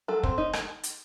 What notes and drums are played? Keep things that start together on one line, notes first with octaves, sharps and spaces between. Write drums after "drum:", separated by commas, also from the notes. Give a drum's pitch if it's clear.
F#3 A4
C4, drum: kick
D#4
drum: rim click
drum: hi-hat